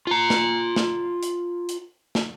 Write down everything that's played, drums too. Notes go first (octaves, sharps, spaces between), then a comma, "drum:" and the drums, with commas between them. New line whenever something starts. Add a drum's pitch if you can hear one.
F4 A#5
drum: snare
drum: snare
drum: hi-hat
drum: hi-hat
drum: snare